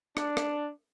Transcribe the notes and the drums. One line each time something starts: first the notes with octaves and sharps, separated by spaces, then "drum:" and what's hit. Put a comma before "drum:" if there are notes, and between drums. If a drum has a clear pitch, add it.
D4, drum: rim click
drum: rim click